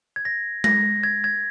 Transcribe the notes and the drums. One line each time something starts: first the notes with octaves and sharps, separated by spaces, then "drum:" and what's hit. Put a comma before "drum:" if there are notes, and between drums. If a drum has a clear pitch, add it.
G#6
A#6
A#6, drum: tom G#3
G#6
G#6